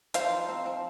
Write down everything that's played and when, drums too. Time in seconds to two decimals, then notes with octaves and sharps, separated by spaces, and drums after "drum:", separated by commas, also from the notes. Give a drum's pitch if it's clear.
0.14 F3 C5 F5, drum: hi-hat
0.32 D#4
0.49 C4
0.66 F3